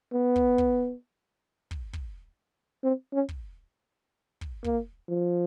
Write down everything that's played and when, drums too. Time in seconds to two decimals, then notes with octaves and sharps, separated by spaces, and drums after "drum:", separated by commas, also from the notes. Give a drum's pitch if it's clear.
0.13 B3
0.36 drum: kick
0.58 drum: kick
1.71 drum: kick
1.93 drum: kick
2.83 C4
3.13 C#4
3.29 drum: kick
4.41 drum: kick
4.64 A#3, drum: kick
5.09 F3